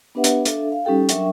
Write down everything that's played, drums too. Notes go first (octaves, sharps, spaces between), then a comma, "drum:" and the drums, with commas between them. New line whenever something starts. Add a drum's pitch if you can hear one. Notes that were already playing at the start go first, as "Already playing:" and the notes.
B3 D4 G4 B4 E5 F#5
drum: hi-hat
D4 A4 E5 F5, drum: hi-hat
F5
G3 C#4 D#4 G4 A4 G5
F#3 D4 A#4 E5 G5 C#6, drum: hi-hat